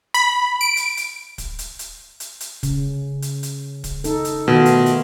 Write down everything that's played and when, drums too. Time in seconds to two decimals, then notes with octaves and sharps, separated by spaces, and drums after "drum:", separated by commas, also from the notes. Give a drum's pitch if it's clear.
0.14 B5
0.61 D7
0.77 drum: hi-hat
0.97 drum: hi-hat
1.38 drum: kick, hi-hat
1.59 drum: hi-hat
1.79 drum: hi-hat
2.20 drum: hi-hat
2.40 drum: hi-hat
2.63 C#3, drum: kick, hi-hat
3.22 drum: hi-hat
3.43 drum: hi-hat
3.84 drum: kick, hi-hat
4.04 D#4 A4, drum: hi-hat
4.25 drum: hi-hat
4.48 B2 D#3 A3 F4
4.66 drum: hi-hat
4.86 drum: hi-hat